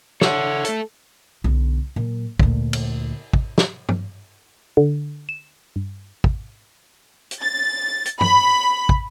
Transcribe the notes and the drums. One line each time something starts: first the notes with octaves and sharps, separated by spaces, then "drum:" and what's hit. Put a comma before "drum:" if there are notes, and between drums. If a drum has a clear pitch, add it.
D4 E4 A4 C#5 F#5, drum: snare
A3 A4, drum: hi-hat
B1 D3
A#2 F#3
D2 A#2, drum: kick
drum: cymbal
drum: kick
drum: snare
drum: tom G2
D3
E7
G2
drum: kick
drum: hi-hat
A6
drum: hi-hat
B5, drum: tom G2
drum: kick